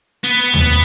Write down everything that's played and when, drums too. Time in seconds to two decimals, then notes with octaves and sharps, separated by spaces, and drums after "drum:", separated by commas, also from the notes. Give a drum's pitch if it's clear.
0.24 B3
0.54 drum: tom